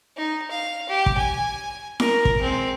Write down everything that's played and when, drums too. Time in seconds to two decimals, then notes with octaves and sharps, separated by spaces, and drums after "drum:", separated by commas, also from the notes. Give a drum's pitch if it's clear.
0.17 D#4
0.51 F5
0.89 G4
1.06 drum: kick
1.17 G#5
2.00 A#4, drum: snare E4
2.25 drum: kick
2.40 G#3 C4